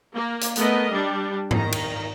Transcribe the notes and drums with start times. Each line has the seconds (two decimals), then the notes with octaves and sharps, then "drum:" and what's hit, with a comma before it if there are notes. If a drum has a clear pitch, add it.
0.15 A#3
0.41 drum: hi-hat
0.56 A3 B3 A#4 D#5, drum: hi-hat
0.92 G3 D4
1.51 D#3 A#5, drum: tom G#2
1.72 drum: cymbal